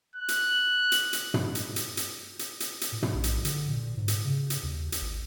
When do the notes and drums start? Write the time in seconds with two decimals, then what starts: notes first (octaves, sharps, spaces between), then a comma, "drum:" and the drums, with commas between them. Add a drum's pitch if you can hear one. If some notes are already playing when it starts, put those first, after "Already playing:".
0.15 F#6
0.28 drum: hi-hat
0.92 drum: hi-hat
1.13 drum: hi-hat
1.34 drum: tom
1.55 drum: hi-hat
1.76 drum: hi-hat
1.97 drum: hi-hat
2.39 drum: hi-hat
2.60 drum: hi-hat
2.81 drum: hi-hat
2.92 A2
3.03 drum: tom
3.14 A#1
3.24 drum: hi-hat
3.45 D3, drum: hi-hat
3.69 A#2
3.96 G#2
4.08 drum: hi-hat
4.24 C#3
4.50 drum: hi-hat
4.63 D#2
4.92 drum: hi-hat
5.01 G#1